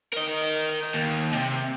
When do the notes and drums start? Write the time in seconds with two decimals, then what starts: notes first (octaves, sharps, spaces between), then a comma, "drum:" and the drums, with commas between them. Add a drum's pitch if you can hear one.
0.13 A#4 D#5, drum: hi-hat
0.27 drum: hi-hat
0.41 drum: hi-hat
0.55 drum: hi-hat
0.69 drum: hi-hat
0.83 drum: hi-hat
0.94 D#2, drum: hi-hat
1.10 drum: hi-hat
1.33 C3